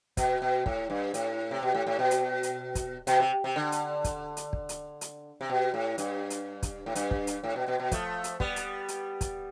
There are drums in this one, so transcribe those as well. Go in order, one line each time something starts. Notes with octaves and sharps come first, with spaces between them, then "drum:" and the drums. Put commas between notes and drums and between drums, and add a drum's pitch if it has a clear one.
B2, drum: kick, hi-hat
B2
A2, drum: kick
G2
A2, drum: hi-hat
C3
B2
A2
A2
B2
drum: hi-hat
drum: hi-hat
drum: kick, hi-hat
B2, drum: hi-hat
C3
C3
D3
drum: hi-hat
drum: kick, hi-hat
drum: hi-hat
drum: kick
drum: hi-hat
drum: hi-hat
C3
B2
A2
G2, drum: hi-hat
drum: hi-hat
drum: kick, hi-hat
A2
G2, drum: hi-hat
drum: kick
drum: hi-hat
A2
B2
B2
B2
F3 A3, drum: kick, hi-hat
drum: hi-hat
G3 B3, drum: kick
drum: hi-hat
drum: hi-hat
drum: kick, hi-hat